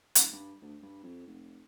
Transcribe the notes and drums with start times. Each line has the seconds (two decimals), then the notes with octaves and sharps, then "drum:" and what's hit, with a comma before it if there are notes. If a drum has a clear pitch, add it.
0.15 D#1, drum: hi-hat
0.33 G2
0.62 D2
0.82 G2
1.03 F2
1.27 F1